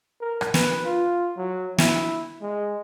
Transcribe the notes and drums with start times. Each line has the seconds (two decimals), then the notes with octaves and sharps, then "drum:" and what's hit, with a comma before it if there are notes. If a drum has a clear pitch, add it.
0.21 A#4
0.41 drum: rim click
0.54 B4, drum: snare
0.85 F4
1.37 F#3
1.78 E4, drum: snare
2.42 G#3